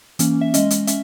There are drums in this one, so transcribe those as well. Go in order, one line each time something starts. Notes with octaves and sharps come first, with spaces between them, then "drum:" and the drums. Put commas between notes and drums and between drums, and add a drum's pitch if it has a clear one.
E3 A#3 C#4, drum: hi-hat
E5
G#3 C#4 D#5, drum: hi-hat
drum: hi-hat
C#4 E5, drum: hi-hat